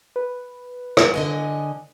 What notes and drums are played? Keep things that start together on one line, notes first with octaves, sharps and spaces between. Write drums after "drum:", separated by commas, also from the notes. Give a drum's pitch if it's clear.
B4
drum: rim click
D3 D#5 G#5